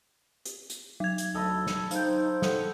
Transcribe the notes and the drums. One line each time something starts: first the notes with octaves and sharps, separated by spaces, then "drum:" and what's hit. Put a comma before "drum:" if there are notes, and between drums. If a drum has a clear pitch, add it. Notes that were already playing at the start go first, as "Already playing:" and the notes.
drum: hi-hat
drum: hi-hat
F#3 G#6
drum: hi-hat
D2 A4 D#5 B5
drum: snare
D#4 C5 F5 G5, drum: hi-hat
A4 D#5 F#5 G5, drum: snare